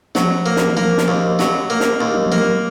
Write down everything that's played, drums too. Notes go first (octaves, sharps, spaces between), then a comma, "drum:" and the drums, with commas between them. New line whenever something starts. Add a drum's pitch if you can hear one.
F3 F#3, drum: snare
A#3
drum: snare
E3
F3 A#3
drum: snare
D#2
F#3, drum: snare
A#3
drum: snare
D#2
F#3
F3
A#3
F#3